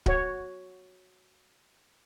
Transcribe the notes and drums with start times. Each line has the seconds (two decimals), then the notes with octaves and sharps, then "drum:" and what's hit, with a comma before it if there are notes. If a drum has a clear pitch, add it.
0.06 F#4 C#5, drum: kick D1